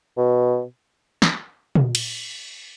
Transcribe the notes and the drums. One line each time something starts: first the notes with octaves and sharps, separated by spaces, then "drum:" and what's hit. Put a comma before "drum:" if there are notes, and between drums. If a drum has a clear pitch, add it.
B2
drum: snare
drum: tom
drum: cymbal